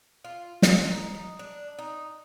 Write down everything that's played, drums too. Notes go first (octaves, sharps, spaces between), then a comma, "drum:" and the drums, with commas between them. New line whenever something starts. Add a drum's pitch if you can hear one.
F4
F4, drum: snare
D#4
D#4
D4
D#4